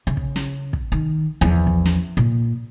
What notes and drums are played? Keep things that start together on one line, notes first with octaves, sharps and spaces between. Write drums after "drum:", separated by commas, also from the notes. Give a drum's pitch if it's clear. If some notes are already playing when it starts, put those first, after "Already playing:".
C#3
drum: kick
drum: snare
drum: kick
D#3
E2 F3
drum: kick
drum: snare
A#2